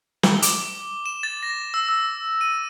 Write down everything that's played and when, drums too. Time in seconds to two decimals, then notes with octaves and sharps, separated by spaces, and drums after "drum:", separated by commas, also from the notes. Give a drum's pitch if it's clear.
0.23 G7, drum: snare
0.42 D6, drum: hi-hat
1.06 E7
1.23 A6
1.43 A#6
1.74 E6
1.89 E6
2.41 D#7